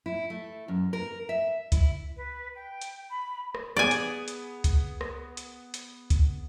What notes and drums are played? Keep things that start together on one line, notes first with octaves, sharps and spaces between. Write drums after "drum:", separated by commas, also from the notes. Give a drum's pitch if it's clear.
E4
A3
F#2
A#4
E5
E4, drum: kick C#2, hi-hat
B4
G5
drum: hi-hat
B5
drum: rim click
B3 G#4 D5 G#5
drum: hi-hat
drum: hi-hat
drum: kick C#2, hi-hat
drum: rim click
drum: hi-hat
drum: hi-hat
drum: kick C#2, hi-hat